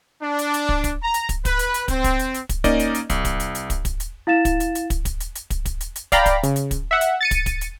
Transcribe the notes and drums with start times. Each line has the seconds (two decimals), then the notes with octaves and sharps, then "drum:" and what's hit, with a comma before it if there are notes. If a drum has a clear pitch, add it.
0.23 D4
0.39 drum: hi-hat
0.54 drum: hi-hat
0.69 drum: kick
0.84 drum: kick, hi-hat
1.03 A#5
1.14 drum: hi-hat
1.29 drum: kick, hi-hat
1.45 B4, drum: kick, hi-hat
1.59 drum: hi-hat
1.74 drum: hi-hat
1.88 C4, drum: kick, hi-hat
2.04 drum: kick, hi-hat
2.19 drum: hi-hat
2.34 drum: hi-hat
2.49 drum: kick, hi-hat
2.64 A#3 C#4 D#4 D5 D#5, drum: kick, hi-hat
2.79 drum: hi-hat
2.95 drum: hi-hat
3.10 C2, drum: kick, hi-hat
3.25 drum: kick, hi-hat
3.40 drum: hi-hat
3.55 drum: hi-hat
3.70 drum: kick, hi-hat
3.85 drum: kick, hi-hat
4.00 drum: hi-hat
4.27 E4 F5 A6 E7
4.45 drum: kick, hi-hat
4.60 drum: hi-hat
4.75 drum: hi-hat
4.90 drum: kick, hi-hat
5.05 drum: kick, hi-hat
5.20 drum: hi-hat
5.35 drum: hi-hat
5.50 drum: kick, hi-hat
5.65 drum: kick, hi-hat
5.81 drum: hi-hat
5.96 drum: hi-hat
6.12 D5 F5 G5 A#5 B5, drum: kick, hi-hat
6.26 drum: kick, hi-hat
6.43 C#3, drum: hi-hat
6.56 drum: hi-hat
6.71 drum: kick, hi-hat
6.91 E5 F#5
7.01 drum: hi-hat
7.21 A6 C#7 D#7
7.31 drum: kick, hi-hat
7.46 drum: kick, hi-hat
7.61 drum: hi-hat